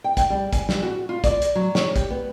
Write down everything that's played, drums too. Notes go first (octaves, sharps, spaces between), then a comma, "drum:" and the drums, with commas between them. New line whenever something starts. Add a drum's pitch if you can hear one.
G5
G5, drum: kick, hi-hat
G3
G#5, drum: kick, hi-hat
G3, drum: snare
F#4
F4
D5, drum: kick, hi-hat
drum: hi-hat
F#3
C#5, drum: snare
G4, drum: kick, hi-hat
B3